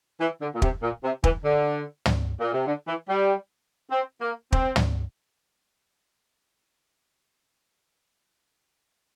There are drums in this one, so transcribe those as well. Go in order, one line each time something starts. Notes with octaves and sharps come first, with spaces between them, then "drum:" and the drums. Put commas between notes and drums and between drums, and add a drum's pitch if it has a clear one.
E3
D3
A#2
C3, drum: kick
A#2
C3
E3, drum: kick
D3
drum: tom
A#2
C3
D3
E3
G3
C4
A#3
C4, drum: kick
drum: tom